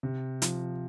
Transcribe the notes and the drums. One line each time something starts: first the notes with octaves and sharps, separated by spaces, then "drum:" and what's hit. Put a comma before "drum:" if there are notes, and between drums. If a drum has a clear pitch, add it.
C3
F3, drum: hi-hat